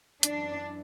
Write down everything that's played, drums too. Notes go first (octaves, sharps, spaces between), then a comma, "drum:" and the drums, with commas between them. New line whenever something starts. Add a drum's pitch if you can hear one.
F#2 E3 D4, drum: hi-hat